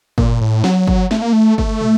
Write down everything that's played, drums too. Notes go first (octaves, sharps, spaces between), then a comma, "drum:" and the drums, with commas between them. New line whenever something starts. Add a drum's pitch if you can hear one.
A#2, drum: kick G1
A2
F#3, drum: snare
drum: kick G1
A3, drum: snare
A#3
A3
A3, drum: kick G1
drum: tom